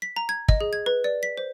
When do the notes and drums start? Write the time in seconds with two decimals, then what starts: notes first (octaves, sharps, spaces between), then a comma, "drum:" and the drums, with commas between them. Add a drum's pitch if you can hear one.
0.02 B6
0.16 A#5
0.29 G#6
0.49 D#5, drum: kick
0.61 G#4
0.73 G#6
0.86 B4
1.04 D5
1.23 B6
1.37 C5